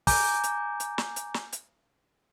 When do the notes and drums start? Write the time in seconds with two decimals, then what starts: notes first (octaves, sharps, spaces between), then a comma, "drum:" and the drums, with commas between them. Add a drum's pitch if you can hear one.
0.07 G#5 A#5 D6 G6, drum: kick, open hi-hat
0.43 drum: hi-hat
0.80 drum: hi-hat
0.98 drum: snare
1.16 drum: hi-hat
1.34 drum: snare
1.52 drum: hi-hat